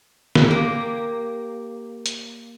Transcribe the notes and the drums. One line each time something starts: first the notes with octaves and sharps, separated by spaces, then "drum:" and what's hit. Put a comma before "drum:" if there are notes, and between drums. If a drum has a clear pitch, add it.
drum: snare
A#3 G4
drum: hi-hat